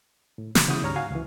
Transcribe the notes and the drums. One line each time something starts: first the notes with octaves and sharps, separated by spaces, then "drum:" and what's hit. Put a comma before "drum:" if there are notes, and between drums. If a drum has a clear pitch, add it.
A2
C3 E3, drum: snare
C#3 E3 B3 F#4 D#6 G6
D2 G#2 G3 C#5 A#5 F6
F#4 F5 G#5
C#2 E3